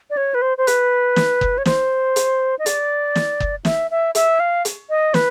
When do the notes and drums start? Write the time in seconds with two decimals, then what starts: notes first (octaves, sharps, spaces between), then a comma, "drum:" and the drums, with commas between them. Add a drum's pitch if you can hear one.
0.10 D5
0.17 C#5
0.34 B4
0.42 C5
0.58 C5
0.67 B4, drum: hi-hat
1.16 drum: snare
1.41 drum: kick F#1
1.58 C#5
1.66 C5, drum: snare
2.16 drum: hi-hat
2.59 D#5
2.66 D5, drum: hi-hat
3.15 drum: snare
3.40 drum: kick F#1
3.65 E5, drum: snare
3.91 E5
4.15 E5, drum: hi-hat
4.40 F5
4.65 drum: hi-hat
4.90 D#5
5.14 B4, drum: snare